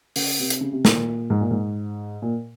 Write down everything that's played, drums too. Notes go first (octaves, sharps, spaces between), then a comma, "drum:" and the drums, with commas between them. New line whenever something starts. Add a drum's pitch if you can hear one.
C#3, drum: open hi-hat
C3
drum: hi-hat
C#3
C3
A#2, drum: snare
G#2
A#2
G#2
A#2